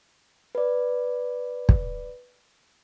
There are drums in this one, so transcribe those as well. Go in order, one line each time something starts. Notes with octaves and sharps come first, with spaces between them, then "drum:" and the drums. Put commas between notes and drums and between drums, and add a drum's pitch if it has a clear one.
B4 D5
drum: kick